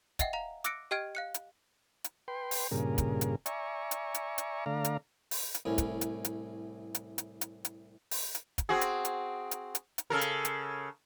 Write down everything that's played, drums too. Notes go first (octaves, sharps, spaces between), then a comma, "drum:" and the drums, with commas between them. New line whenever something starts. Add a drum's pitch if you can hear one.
D#5 E5 F#5 G5, drum: kick, hi-hat
F5 A#5 F7
D6 E6 F#6 A#6 C#7 D7, drum: hi-hat
G4 D#5 G5 F6 G#6 D7
F5 F#6 C#7
drum: hi-hat
drum: hi-hat
B4 G5 C6
drum: open hi-hat
G2 A#2 C#3 G#4 A#4
drum: kick, hi-hat
drum: hi-hat
D5 E5 G#5 A#5 C#6, drum: hi-hat
drum: hi-hat
drum: hi-hat
drum: hi-hat
D3 A3 D5 F5 A#5
drum: hi-hat
drum: open hi-hat
drum: hi-hat
C2 A2 C#4
drum: kick, hi-hat
drum: hi-hat
drum: hi-hat
drum: hi-hat
drum: hi-hat
drum: hi-hat
drum: hi-hat
drum: open hi-hat
drum: hi-hat
drum: kick, hi-hat
C4 F#4 G#4
drum: hi-hat
drum: hi-hat
drum: hi-hat
drum: hi-hat
drum: hi-hat
C#3 A4 A#4
drum: hi-hat
drum: hi-hat